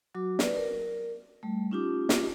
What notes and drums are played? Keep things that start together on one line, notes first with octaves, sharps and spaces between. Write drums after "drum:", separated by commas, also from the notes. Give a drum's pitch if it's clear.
F#3 F#4 D6
B4 D5, drum: snare
A#4
G3 A3
C#4 D#4 F4 G4 D6
drum: snare